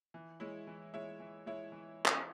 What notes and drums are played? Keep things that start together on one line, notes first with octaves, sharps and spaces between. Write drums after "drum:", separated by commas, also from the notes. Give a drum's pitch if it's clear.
E3
G#3 E4 C#5 E5
E3
G#3 E4 C#5 E5
E3
G#3 E4 C#5 E5
E3
drum: clap